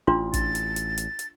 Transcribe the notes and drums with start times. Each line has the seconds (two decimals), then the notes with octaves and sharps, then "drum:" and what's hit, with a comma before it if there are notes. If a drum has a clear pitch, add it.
0.07 A1 D4 F4 C6
0.34 A6, drum: kick, hi-hat
0.55 drum: hi-hat
0.76 drum: hi-hat
0.98 drum: hi-hat
1.19 drum: hi-hat